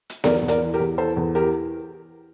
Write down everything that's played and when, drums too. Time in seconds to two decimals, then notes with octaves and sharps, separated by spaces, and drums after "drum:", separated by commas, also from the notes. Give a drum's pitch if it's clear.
0.10 drum: hi-hat
0.24 E2 A#4 D5, drum: snare B3
0.42 E2
0.48 A#4 D5, drum: hi-hat
0.61 E3
0.74 G4 A#4
0.80 E2
0.98 E3 A4 C5
1.17 E2
1.35 E3 G4 A#4